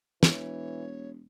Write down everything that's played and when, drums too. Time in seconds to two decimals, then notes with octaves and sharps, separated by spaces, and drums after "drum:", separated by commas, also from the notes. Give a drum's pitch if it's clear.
0.23 E1 E3 C#5, drum: snare